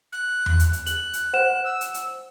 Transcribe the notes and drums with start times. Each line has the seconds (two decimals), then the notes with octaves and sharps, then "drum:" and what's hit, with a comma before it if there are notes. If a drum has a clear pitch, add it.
0.12 F#6
0.46 drum: tom E2
0.60 drum: hi-hat
0.73 drum: hi-hat
0.86 F#6 F#7, drum: hi-hat
1.13 drum: hi-hat
1.33 C5 F#5 E7
1.64 E6
1.81 drum: hi-hat
1.94 drum: hi-hat